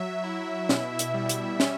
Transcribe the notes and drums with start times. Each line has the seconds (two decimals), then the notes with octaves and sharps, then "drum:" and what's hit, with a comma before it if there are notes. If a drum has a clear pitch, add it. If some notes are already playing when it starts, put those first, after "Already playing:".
Already playing: F#3 E5
0.24 E4
0.69 B2, drum: snare
0.99 drum: hi-hat
1.14 G3
1.29 drum: hi-hat
1.60 C#4, drum: snare